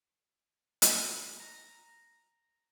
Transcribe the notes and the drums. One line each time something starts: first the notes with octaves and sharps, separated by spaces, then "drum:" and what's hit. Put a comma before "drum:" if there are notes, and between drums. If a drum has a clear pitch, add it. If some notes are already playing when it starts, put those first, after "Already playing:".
drum: hi-hat
A#5